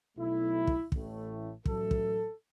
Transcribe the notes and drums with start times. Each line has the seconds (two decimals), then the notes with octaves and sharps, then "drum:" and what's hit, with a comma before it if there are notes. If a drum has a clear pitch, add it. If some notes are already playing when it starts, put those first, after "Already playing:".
0.17 B1 B2 F#3 A3 E4
0.67 drum: kick
0.92 A1 A2 A3, drum: kick
1.65 A1 A2 F#3 A3 A4, drum: kick
1.91 drum: kick